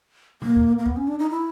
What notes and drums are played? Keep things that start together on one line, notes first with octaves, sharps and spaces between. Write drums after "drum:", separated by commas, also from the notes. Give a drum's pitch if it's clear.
A#3, drum: tom A#2
drum: kick
A#3
B3, drum: kick
C#4
D4
D#4
E4